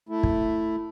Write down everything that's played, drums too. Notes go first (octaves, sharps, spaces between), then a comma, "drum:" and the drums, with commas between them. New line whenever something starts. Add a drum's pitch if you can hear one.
A3 E4
drum: kick